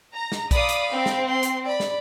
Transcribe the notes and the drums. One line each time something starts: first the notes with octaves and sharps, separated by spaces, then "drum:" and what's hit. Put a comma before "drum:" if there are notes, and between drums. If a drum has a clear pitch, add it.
A#5
drum: snare
D5 F5 B5 D#6, drum: kick B1, hi-hat
drum: hi-hat
C4
drum: snare
C6
drum: hi-hat
D5 B5
drum: snare